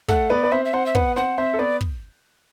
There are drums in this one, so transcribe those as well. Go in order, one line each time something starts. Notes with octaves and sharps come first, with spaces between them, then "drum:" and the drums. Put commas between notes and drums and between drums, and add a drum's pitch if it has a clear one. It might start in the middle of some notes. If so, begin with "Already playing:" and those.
A3 A4 F#5, drum: kick
B3 B4 D5
B4
C4 C5 E5
E5
C4 C5 F#5
E5
B3 B4 F#5, drum: kick
C4 C5 F#5
C4 C5 E5
A4
B3 B4 D5
drum: kick